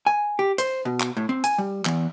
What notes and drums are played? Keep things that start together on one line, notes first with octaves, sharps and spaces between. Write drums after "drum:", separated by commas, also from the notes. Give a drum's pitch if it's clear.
G#5
G4
C5, drum: hi-hat
B2
drum: clap
A2
C4
G#5, drum: hi-hat
G3
E2, drum: clap